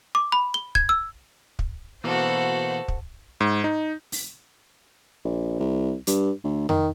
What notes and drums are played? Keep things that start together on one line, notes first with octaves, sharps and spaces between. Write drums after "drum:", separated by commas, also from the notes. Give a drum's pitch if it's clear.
D6
B5
G7
G#6, drum: kick
E6
drum: kick
B2 E3 A#3 F#4 A4 C5 F#5
drum: kick
G#2
D#4
drum: open hi-hat
A#1
C2
G2, drum: hi-hat
D2
D#3, drum: tom F2